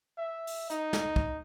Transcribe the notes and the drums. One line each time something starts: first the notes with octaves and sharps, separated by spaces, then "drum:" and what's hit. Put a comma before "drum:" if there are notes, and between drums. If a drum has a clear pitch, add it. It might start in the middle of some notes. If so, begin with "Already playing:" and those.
E5
drum: open hi-hat
D#4, drum: hi-hat
drum: snare
drum: kick